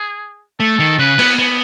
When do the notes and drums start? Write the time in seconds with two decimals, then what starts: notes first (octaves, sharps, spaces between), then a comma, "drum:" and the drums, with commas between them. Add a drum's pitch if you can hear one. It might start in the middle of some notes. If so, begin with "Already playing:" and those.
Already playing: G#4
0.60 A3 A4
0.80 D#3
0.99 C#3 B4
1.19 B3, drum: cymbal
1.39 B3